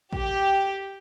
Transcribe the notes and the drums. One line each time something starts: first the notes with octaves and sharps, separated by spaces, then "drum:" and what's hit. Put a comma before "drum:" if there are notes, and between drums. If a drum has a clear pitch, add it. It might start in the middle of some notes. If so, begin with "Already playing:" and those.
G4, drum: kick A1